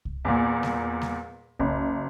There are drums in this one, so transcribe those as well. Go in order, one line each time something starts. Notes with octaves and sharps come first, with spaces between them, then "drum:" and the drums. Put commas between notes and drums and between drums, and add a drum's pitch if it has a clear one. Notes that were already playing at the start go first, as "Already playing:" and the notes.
drum: kick C2
E2 A#2
drum: snare G3
drum: snare G3
F#1, drum: kick C2